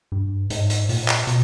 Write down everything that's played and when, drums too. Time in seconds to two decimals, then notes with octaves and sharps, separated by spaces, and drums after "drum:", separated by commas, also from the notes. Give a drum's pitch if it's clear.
0.12 G2
0.50 G#2, drum: hi-hat
0.70 drum: hi-hat
0.89 A#2, drum: open hi-hat
1.08 drum: clap
1.27 B2, drum: hi-hat